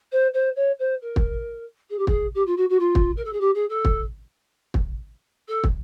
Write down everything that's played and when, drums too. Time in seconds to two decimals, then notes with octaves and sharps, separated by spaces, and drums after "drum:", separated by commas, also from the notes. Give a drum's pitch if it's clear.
0.12 C5
0.34 C5
0.56 C#5
0.79 C5
1.02 A#4
1.16 drum: kick
1.90 G#4
1.99 G4
2.07 G#4, drum: kick
2.35 G4
2.47 F4
2.57 F#4
2.70 F#4
2.80 F4
2.95 drum: kick
3.17 A#4
3.25 A4
3.33 G#4
3.40 G4
3.55 G#4
3.70 A4
3.85 drum: kick
4.74 drum: kick
5.48 A4
5.64 drum: kick